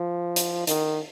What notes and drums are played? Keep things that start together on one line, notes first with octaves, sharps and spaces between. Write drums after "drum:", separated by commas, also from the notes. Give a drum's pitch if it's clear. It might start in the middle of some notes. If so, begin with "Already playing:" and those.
Already playing: F3
drum: hi-hat
D#3, drum: hi-hat